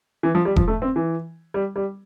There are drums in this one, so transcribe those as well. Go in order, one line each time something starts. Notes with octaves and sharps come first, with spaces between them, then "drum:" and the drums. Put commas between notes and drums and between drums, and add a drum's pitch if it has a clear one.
E3
F3
G3
F3, drum: kick E1
A3
C4
E3
G3
G3